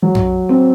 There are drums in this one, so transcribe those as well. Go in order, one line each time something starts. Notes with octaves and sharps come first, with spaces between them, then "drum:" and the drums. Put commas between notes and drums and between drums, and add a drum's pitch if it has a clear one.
F#3
drum: tom F#2
C4